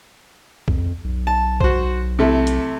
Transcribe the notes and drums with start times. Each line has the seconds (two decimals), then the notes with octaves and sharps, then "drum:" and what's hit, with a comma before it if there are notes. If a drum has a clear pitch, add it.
0.68 F2, drum: kick B1
1.04 B1
1.27 A5
1.61 F#4 C5, drum: kick B1
2.19 C3 A3 E4
2.47 drum: hi-hat